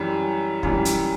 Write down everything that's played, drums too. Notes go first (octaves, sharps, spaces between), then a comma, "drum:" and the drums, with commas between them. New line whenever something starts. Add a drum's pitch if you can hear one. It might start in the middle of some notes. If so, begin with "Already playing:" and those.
Already playing: F#2 E3 G3
F#2 E3 G3, drum: kick
drum: hi-hat